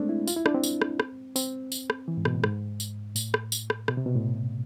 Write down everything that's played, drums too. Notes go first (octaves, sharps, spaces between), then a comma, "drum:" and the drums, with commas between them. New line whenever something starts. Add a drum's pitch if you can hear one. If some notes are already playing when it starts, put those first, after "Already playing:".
Already playing: G#3 A3 C4 D4
E4
F4, drum: tambourine
E4
D4, drum: rim click
C4
drum: tambourine
drum: rim click
drum: rim click
C4, drum: tambourine
drum: tambourine
drum: rim click
E3
G#2
B2, drum: rim click
A2
G#2, drum: rim click
drum: tambourine
A2, drum: tambourine
drum: rim click
drum: tambourine
drum: rim click
B2, drum: rim click
C3
B2
A2